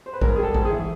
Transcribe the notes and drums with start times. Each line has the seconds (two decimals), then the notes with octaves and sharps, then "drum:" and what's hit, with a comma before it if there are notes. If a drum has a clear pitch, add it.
0.06 C5
0.13 B4
0.21 G#2 A#4, drum: kick A1
0.36 G3 G#4
0.43 A4
0.54 G#2, drum: kick A1
0.65 G#4
0.71 E3